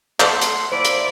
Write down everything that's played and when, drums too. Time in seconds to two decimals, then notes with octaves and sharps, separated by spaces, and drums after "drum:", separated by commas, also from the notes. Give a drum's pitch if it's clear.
0.20 A3 F#5 C6, drum: clap
0.41 drum: hi-hat
0.72 A#3 E4 C5 D5 B5
0.85 drum: hi-hat